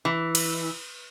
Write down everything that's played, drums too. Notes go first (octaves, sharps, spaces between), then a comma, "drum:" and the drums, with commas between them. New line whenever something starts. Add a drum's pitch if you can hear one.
E3
drum: cymbal